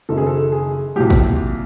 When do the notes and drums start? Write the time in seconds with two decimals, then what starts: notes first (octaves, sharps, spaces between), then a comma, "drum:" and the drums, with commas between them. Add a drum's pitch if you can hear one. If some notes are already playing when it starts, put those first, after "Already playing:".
0.09 F#1 F#2 D#3 A4
0.17 G#4
0.27 A4
0.52 G#4
0.96 C2 A#2 F#3 G4
1.10 drum: kick